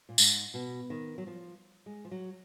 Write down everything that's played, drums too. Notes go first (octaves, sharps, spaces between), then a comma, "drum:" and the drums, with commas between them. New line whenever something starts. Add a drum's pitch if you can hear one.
A#2
G#2, drum: tambourine
B2
D#3
F#3
F3
G#3
F3
F#3